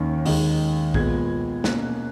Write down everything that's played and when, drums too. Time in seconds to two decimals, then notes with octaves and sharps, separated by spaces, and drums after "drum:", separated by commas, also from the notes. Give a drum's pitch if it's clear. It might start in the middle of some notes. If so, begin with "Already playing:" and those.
Already playing: D#2 D#3 A#3 C#4
0.25 D#2 D#3 G#3, drum: open hi-hat
0.94 A#2 G#3 B3 G#6, drum: kick
1.64 B2 A#3 C#4 F#6, drum: snare